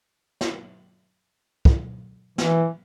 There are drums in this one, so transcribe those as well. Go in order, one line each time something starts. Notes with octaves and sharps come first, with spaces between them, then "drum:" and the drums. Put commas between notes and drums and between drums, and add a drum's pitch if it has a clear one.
drum: snare
drum: kick
E3, drum: snare